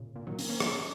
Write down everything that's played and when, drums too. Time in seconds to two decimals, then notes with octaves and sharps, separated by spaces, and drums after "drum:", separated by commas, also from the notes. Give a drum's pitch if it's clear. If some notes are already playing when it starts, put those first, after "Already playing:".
Already playing: A#2 C#3
0.16 A#2
0.27 D#3 F#3
0.39 A#3 C#4, drum: open hi-hat
0.49 A#3 C#4
0.60 A#3 C#4, drum: rim click